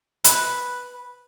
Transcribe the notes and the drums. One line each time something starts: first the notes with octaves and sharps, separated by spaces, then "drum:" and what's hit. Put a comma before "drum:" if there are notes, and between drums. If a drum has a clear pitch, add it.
B4, drum: hi-hat